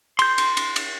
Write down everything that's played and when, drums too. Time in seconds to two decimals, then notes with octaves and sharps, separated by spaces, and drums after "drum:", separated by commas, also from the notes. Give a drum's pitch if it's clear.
0.19 C6 G6, drum: cymbal
0.38 drum: cymbal
0.57 drum: cymbal
0.76 drum: cymbal